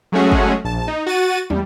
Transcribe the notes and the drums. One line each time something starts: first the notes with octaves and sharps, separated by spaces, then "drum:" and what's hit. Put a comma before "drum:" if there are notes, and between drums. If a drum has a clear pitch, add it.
F#3 G#3 A3 C#4 F#4 G#4
drum: kick
A#1 A5
D#4
F#4 A6 D#7
E2 G3, drum: tom